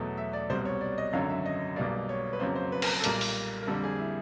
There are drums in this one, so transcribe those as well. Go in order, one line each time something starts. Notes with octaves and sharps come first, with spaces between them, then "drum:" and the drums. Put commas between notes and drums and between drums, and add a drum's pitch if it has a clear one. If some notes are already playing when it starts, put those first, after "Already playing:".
Already playing: E2 B2 F#3 A3
E5
D5
C2 B2 G3 C5
C#5
D5
D#5
G#1 F#2 D3 F#3 F5
E5
D#5
B1 B2 G3 A#3 D5
C#5
B4
F2 C#3 F#3 A#3 C5
C5
B4
A#4, drum: cymbal
B4
A4
B1 A#2 G3 A#3 A#4, drum: hi-hat
drum: open hi-hat
A#4
F2 D3 G3 A#3 A4
G#4
E4